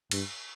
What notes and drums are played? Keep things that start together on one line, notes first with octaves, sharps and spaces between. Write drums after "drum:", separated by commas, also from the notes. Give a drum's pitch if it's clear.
G2, drum: cymbal